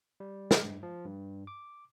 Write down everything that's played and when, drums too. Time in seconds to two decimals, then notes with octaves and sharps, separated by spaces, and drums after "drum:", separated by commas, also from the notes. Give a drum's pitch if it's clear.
0.20 G3
0.51 F6, drum: snare
0.64 G2
0.83 F3
1.05 G2
1.47 D6